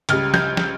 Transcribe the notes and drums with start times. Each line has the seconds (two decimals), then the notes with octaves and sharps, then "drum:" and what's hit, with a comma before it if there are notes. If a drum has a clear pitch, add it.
0.09 C#2 C#3 G3 F6, drum: hi-hat
0.34 G6, drum: snare
0.57 drum: snare